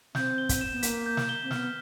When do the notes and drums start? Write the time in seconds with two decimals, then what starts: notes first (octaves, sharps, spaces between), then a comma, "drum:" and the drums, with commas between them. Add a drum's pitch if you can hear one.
0.15 C4 G6, drum: snare
0.38 G7
0.49 drum: kick, hi-hat
0.61 E7
0.72 B3
0.83 A#3 B6, drum: hi-hat
1.06 G6
1.17 drum: snare
1.29 G7
1.43 C4
1.51 B3 F6, drum: snare